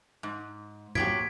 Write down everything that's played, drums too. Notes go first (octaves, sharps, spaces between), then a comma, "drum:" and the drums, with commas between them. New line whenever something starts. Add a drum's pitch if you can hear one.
G#2
F3 F#3 G4 G#6 B6 D7, drum: tom A2